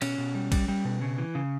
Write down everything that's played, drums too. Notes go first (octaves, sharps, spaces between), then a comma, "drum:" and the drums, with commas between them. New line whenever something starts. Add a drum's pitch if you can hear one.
B2 C#4, drum: cymbal
B2
G3
G3, drum: kick A#1, cymbal
G3
B2
C#3
E3
C#3